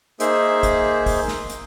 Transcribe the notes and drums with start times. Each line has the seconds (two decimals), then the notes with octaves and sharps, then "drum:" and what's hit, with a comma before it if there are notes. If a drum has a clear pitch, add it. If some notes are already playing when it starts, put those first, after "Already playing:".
0.20 A#3 D#4 G#4 C5 E5, drum: hi-hat
0.63 drum: kick, hi-hat
1.06 drum: kick, open hi-hat
1.28 drum: snare
1.50 drum: hi-hat